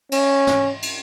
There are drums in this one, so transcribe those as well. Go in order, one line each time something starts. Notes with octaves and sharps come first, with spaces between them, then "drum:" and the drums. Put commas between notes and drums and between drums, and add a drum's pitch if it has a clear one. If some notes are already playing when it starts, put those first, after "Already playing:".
C#4, drum: cymbal
drum: snare
drum: cymbal